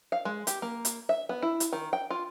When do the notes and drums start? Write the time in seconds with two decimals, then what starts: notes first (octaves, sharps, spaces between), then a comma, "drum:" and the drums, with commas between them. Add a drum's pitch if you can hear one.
0.12 F5
0.25 G#3
0.47 G4, drum: hi-hat
0.62 A#3
0.85 drum: hi-hat
1.09 E5
1.29 B3
1.42 E4
1.60 drum: hi-hat
1.73 D#3
1.93 G5
2.10 F4